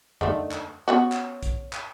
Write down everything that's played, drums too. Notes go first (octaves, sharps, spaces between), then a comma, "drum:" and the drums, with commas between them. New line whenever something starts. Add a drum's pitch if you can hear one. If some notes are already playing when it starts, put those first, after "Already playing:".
D3 D#3 A3, drum: tom E2
drum: clap
B3 C#4 F#4
drum: clap
drum: kick, hi-hat
drum: clap